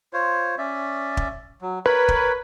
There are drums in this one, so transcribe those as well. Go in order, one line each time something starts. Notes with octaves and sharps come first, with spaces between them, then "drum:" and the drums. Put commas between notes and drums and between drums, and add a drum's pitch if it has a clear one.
F4 C5 C#5
C#4 D5 E5
drum: kick
F#3
A#4 B4 C#5
drum: kick